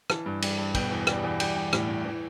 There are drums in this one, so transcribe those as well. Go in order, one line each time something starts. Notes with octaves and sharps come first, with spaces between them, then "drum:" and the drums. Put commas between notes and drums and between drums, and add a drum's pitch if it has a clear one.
E3 A5, drum: rim click
G2
G3, drum: cymbal
G2
B2 G5, drum: kick, cymbal
E2
G3, drum: rim click
E2
G3 G5, drum: cymbal
G3
A2, drum: rim click
A2
E3